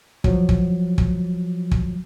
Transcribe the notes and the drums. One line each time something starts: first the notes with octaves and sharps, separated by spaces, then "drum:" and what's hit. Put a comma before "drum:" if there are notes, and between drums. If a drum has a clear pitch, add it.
F3 F#3, drum: kick
drum: kick
drum: kick
drum: kick